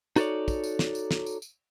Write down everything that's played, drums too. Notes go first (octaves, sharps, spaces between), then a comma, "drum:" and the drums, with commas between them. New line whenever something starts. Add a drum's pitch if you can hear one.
D#4 F#4 A4 B4 C#5 D5, drum: tambourine
drum: kick, tambourine
drum: tambourine
drum: snare
drum: tambourine
drum: snare
drum: tambourine
drum: tambourine